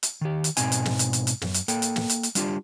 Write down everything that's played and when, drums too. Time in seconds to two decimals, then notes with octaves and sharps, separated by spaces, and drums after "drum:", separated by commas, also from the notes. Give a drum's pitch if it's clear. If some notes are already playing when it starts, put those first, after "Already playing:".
0.03 drum: hi-hat
0.21 D#3 G4
0.44 drum: hi-hat
0.57 G#2 B2 C4 D#4 G#5, drum: hi-hat
0.72 drum: hi-hat
0.85 drum: snare
0.99 drum: hi-hat
1.13 drum: hi-hat
1.27 drum: hi-hat
1.42 F#2, drum: snare
1.54 drum: hi-hat
1.68 A#3 A4 G5, drum: hi-hat
1.82 drum: hi-hat
1.96 drum: snare
2.10 drum: hi-hat
2.23 drum: hi-hat
2.35 G3 D4 F4 G4, drum: hi-hat